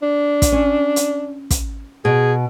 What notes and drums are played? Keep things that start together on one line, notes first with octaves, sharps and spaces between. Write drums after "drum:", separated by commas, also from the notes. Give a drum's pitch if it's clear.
D4
drum: kick, hi-hat
C#4
drum: hi-hat
drum: kick, hi-hat
B2 G#4